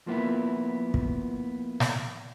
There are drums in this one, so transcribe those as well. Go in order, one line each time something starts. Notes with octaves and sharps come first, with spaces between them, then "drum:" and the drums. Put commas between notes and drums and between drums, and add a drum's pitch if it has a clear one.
F3 A#3 B3 E4
drum: kick
drum: snare